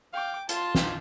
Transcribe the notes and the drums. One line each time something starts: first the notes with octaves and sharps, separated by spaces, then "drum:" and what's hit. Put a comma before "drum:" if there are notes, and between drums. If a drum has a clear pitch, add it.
F5 G5 D6
F4 A5 C6, drum: hi-hat
drum: snare